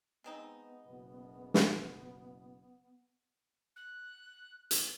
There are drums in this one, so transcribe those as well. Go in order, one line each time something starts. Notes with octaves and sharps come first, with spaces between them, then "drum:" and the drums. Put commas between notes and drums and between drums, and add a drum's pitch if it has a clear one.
G#3 B3 C4 D#4
F#1 B2
drum: snare
F#6
drum: hi-hat